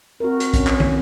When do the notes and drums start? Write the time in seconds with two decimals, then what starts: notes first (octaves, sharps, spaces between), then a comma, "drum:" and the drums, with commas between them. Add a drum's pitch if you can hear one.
0.20 C4 F#4 A#4
0.40 drum: hi-hat
0.54 C#4, drum: kick A#1, hi-hat
0.67 drum: clap
0.80 drum: tom